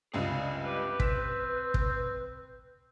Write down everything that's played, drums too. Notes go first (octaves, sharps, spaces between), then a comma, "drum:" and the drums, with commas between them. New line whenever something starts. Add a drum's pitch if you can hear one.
C#2 G2 C3 G#4 D#5
G4 B4
C4 B6 E7, drum: kick
drum: kick